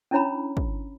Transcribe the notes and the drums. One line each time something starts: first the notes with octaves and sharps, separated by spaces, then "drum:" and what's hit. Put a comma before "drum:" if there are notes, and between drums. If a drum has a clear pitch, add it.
C#4 D4 E4 C#5 A#5 B5
drum: kick